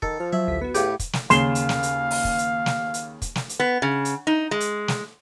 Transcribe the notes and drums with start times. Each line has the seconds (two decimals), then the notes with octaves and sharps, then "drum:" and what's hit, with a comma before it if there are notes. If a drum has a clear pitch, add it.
0.02 D#3 A4, drum: kick
0.20 F3 F6
0.33 F#3 E5
0.48 A1 D2 B6
0.61 B3 F#4 B4
0.75 A2 G4 G#4 F5, drum: hi-hat
1.00 drum: kick, hi-hat
1.13 drum: snare
1.30 D#2 C#3 F5 C6 E7, drum: hi-hat
1.55 drum: hi-hat
1.69 drum: snare
1.83 drum: hi-hat
2.11 drum: open hi-hat
2.24 drum: kick
2.38 drum: hi-hat
2.66 drum: snare
2.94 drum: hi-hat
3.22 drum: kick, hi-hat
3.35 drum: snare
3.49 drum: hi-hat
3.60 B3
3.82 C#3
4.05 drum: hi-hat
4.27 D#4
4.51 G#3
4.60 drum: hi-hat
4.88 drum: snare